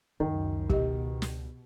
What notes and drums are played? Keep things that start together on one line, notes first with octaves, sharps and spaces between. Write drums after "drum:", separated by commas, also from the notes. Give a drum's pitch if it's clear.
C#2 F#2 D#3
B2 G4 D#5, drum: kick
drum: snare